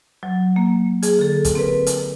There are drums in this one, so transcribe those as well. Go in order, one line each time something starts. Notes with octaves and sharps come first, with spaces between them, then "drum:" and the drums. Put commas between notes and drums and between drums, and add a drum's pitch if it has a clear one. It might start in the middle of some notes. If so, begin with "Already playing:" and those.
F#3
A#3
G#4, drum: hi-hat
D3 A4
drum: kick, hi-hat
C4 A#4 B4
drum: hi-hat